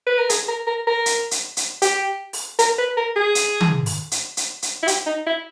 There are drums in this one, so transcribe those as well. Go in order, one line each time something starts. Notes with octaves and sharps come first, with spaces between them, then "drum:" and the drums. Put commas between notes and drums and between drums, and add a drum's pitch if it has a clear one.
B4
A#4
G#4, drum: hi-hat
A#4
A#4
A#4
drum: hi-hat
drum: hi-hat
drum: hi-hat
G4, drum: hi-hat
drum: open hi-hat
A#4, drum: hi-hat
B4
A#4
G#4
drum: hi-hat
drum: tom D#3
drum: open hi-hat
drum: hi-hat
drum: hi-hat
drum: hi-hat
E4
G4, drum: hi-hat
D#4
E4